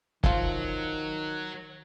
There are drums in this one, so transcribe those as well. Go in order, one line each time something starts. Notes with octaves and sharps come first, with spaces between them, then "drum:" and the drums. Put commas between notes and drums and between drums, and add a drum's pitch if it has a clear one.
D#3 F3 F#3 F4, drum: kick